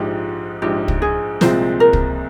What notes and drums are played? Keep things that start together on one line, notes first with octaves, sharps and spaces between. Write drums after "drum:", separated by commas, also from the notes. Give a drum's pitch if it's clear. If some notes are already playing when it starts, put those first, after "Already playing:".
Already playing: A#1 G#2 F3 G#3 G4
A#1 G#2 F3 G#3 G4
drum: kick
G#4
C2 A#2 F3 G#3 C4 C5, drum: snare
A#4
drum: kick